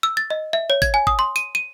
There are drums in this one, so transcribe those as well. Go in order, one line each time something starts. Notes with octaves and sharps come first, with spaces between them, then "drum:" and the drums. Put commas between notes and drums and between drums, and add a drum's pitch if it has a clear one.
E6
A6
D#5
E5
C#5
G#6, drum: kick G#1, tambourine
G#5
D#6, drum: kick G#1
C6
D#7, drum: tambourine
D#7